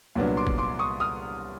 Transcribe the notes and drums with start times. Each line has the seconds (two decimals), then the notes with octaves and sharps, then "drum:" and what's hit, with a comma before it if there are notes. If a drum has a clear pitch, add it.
0.15 C2 A#2 F#3 B3 D4
0.37 C6 D6
0.47 drum: kick
0.58 C6 D6
0.79 C#6 D#6
1.00 D#6 F6